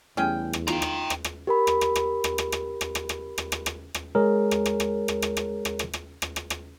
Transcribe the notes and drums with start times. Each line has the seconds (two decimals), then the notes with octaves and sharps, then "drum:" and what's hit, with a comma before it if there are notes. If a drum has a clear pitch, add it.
0.17 E2 G3 A3 C#4 E4 G#4 G5
0.53 drum: rim click
0.68 D#4 F4 G5 A#5 C6, drum: rim click
0.82 drum: rim click
1.10 drum: rim click
1.24 drum: rim click
1.47 G4 A#4 B5
1.67 drum: rim click
1.81 drum: rim click
1.96 drum: rim click
2.24 drum: rim click
2.38 drum: rim click
2.52 drum: rim click
2.81 drum: rim click
2.95 drum: rim click
3.09 drum: rim click
3.38 drum: rim click
3.52 drum: rim click
3.66 drum: rim click
3.94 drum: rim click
4.15 G#3 G#4 A#4 C#5
4.51 drum: rim click
4.66 drum: rim click
4.80 drum: rim click
5.08 drum: rim click
5.22 drum: rim click
5.37 drum: rim click
5.65 drum: rim click
5.79 drum: rim click
5.93 drum: rim click
6.22 drum: rim click
6.36 drum: rim click
6.50 drum: rim click